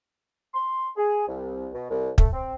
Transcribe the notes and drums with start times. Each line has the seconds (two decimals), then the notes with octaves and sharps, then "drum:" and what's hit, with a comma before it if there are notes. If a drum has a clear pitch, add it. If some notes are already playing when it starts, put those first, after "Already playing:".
0.54 C6
0.97 G#4
1.27 C2
1.73 B2
1.90 C2
2.18 A3, drum: kick
2.33 C4